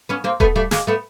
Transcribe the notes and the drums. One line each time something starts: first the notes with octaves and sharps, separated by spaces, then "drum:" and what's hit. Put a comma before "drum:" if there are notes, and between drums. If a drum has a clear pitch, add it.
B3 C#4
A#3 C4
A3 B3, drum: kick D#1
G3 A3
G#3 A#3, drum: snare
A3 B3